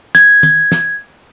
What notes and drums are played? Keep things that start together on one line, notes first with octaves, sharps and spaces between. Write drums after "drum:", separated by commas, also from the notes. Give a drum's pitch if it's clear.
G#6, drum: snare
drum: tom
drum: snare